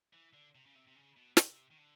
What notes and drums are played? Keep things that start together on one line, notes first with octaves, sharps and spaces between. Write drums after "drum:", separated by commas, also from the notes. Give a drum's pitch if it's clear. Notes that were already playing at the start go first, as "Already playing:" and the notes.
E3
D3
C3
C#3
C3
C3
C#3
B2
C3, drum: snare
D#3
D3